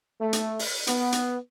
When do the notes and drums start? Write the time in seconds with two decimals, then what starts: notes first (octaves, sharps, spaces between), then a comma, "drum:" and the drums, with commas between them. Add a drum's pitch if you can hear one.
0.19 A3
0.33 drum: hi-hat
0.59 drum: open hi-hat
0.87 B3, drum: hi-hat
1.12 drum: hi-hat